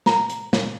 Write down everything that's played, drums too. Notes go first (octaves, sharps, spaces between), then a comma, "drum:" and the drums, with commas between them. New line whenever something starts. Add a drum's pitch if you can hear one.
A#5, drum: snare
drum: hi-hat
drum: snare